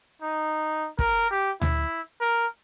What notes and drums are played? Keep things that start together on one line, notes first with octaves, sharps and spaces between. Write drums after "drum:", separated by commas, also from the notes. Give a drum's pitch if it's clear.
D#4
A#4, drum: kick
G4
E4, drum: tom D2
A#4